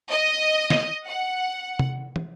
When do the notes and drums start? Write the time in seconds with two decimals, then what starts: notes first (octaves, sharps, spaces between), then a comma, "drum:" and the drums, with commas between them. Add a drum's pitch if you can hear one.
0.11 D#5
0.70 drum: snare
1.07 F#5
1.79 drum: tom C3
2.16 drum: tom